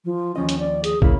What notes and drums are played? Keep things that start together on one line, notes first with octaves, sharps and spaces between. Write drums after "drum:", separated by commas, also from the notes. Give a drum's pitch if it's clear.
F3
D#2 F3 C#4 D#5
drum: hi-hat
D5
G#4, drum: hi-hat
C#3 A#3 E4, drum: kick